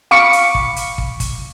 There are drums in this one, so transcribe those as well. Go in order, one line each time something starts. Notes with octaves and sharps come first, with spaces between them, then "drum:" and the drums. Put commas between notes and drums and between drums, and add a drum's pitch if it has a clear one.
F5 B5 C#6 D6 C#7, drum: snare F4
drum: hi-hat
drum: kick
drum: hi-hat
drum: kick
drum: kick, hi-hat